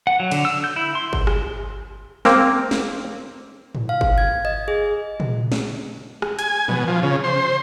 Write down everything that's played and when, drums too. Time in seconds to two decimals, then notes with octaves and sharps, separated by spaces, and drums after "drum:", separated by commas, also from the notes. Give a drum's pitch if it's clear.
0.07 F#5
0.20 F#3
0.31 D3, drum: cymbal
0.45 E6
0.64 G6
0.76 E4
0.95 C6
1.13 drum: kick G1
1.27 drum: rim click
2.25 A#3 C4 A#4, drum: snare
2.71 drum: snare
3.75 drum: tom G#2
3.89 F5
4.01 drum: kick G1
4.18 G#6
4.45 D#5
4.68 G#4
5.20 drum: tom A#2
5.52 drum: snare
6.22 drum: rim click
6.39 G#5, drum: hi-hat
6.68 B2, drum: tom D#3
6.88 F3
7.03 C#3
7.24 C5